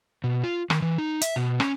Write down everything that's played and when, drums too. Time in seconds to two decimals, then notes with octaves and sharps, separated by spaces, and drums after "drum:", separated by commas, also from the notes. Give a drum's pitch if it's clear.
0.24 B2
0.44 F4
0.70 D#3, drum: rim click
0.82 E3
0.98 D#4
1.22 E5, drum: hi-hat
1.36 B2
1.60 C#4, drum: rim click